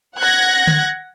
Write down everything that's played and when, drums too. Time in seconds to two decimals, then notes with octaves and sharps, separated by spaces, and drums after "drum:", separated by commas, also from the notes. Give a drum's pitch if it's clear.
0.17 F#5 F#6 G#6 A#6
0.67 drum: tom D3